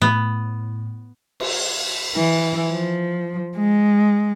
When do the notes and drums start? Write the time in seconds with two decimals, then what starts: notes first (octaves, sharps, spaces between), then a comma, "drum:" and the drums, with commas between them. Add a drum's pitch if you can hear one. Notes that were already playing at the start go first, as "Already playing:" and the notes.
0.02 A2 B3
1.40 drum: cymbal
2.15 E3
2.70 F3
3.57 G#3